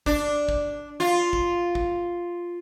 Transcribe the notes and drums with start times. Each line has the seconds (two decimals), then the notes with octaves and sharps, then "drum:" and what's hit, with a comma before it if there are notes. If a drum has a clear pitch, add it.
0.06 D4, drum: kick
0.49 drum: kick
1.00 F4
1.33 drum: kick
1.75 drum: kick